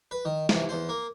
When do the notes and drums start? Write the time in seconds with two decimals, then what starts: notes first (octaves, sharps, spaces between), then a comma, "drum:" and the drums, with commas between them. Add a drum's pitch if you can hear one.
0.11 B4
0.25 D#3
0.49 C3 E3, drum: snare
0.69 E2 C5
0.89 A#3